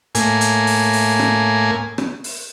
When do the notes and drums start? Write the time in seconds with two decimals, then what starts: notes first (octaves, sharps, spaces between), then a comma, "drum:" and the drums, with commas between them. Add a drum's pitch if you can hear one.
0.15 A2 A#3 G#5, drum: hi-hat
0.41 drum: hi-hat
0.67 drum: open hi-hat
0.93 drum: open hi-hat
1.19 drum: rim click
1.98 drum: rim click
2.24 drum: open hi-hat